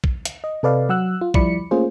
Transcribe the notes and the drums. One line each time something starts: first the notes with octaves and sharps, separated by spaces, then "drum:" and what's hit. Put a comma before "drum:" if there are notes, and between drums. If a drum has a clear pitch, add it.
drum: kick
drum: hi-hat
D#5
C3 A4 B4 D5 D#5 F5
F#3 F#5 E6 F#6
F4
F3 G3 E4 D5 B5 C#7, drum: kick
A3 A#3 C#4 F4 G#4 C5